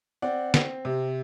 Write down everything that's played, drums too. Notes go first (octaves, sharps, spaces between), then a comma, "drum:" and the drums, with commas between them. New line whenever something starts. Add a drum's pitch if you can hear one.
C4 D5 F#5
C4, drum: snare
C3